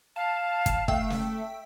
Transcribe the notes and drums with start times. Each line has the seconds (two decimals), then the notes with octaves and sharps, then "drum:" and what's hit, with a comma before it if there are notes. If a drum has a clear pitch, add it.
0.16 F5 A5
0.66 drum: kick, hi-hat
0.88 A3 E5 G5 E6, drum: kick
1.10 drum: snare